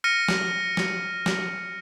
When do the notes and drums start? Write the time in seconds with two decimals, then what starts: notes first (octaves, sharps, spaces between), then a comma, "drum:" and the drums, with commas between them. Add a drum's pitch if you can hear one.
0.04 F6 A#6 C#7 D#7
0.28 drum: snare
0.77 drum: snare
1.26 drum: snare